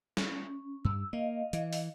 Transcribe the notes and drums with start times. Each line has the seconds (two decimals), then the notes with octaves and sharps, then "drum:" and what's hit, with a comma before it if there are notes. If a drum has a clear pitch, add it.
0.17 C#4, drum: snare
0.85 G2 E6
1.13 A#3 D#5 F5
1.53 E3, drum: hi-hat
1.73 drum: open hi-hat